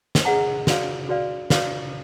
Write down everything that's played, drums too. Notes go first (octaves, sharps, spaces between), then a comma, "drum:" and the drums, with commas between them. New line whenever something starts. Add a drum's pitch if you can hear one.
drum: snare
G#4 B4 D#5 F#5 A#5
F#4 B4 D5 F5, drum: snare
F#4 B4 D5 F5
F#4 B4 D5 F5, drum: snare